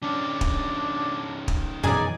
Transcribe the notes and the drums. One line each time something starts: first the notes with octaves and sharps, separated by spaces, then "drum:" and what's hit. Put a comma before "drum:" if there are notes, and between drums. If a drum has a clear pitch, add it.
D#3 C#4 D4
drum: kick
drum: kick
F#2 B2 E3 D#4 G#4 D5 G#5